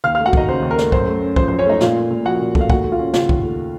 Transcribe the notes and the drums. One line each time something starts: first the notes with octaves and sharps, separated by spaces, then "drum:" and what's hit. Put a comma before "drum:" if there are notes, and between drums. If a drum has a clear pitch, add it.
D#2 F5 F6
A3 F5 F6
F#4 F#5
D#2 D#4 D#5, drum: kick
C#3 C5
D#2
A#4
A3, drum: snare
F#2 C5, drum: kick
A3
C#4
F3 C5, drum: kick
F#2 C5
C#4 C#5
A3 D#4 D#5
A#2 F4 F5, drum: snare
A3
A#2
F3 F#4 F#5
A#2
A3, drum: kick
F5
D#2 F#4 F#5, drum: kick
A3
F4 F5
C#4
C#3 F4 F5, drum: snare
D#2, drum: kick
A3